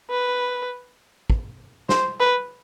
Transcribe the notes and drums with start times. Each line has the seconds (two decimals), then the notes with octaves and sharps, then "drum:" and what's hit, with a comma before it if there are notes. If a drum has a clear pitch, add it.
0.10 B4
1.30 drum: kick
1.89 C5, drum: snare
2.20 B4